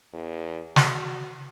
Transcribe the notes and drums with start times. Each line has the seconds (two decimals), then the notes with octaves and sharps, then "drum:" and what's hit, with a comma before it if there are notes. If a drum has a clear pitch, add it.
0.13 E2
0.76 F#4, drum: snare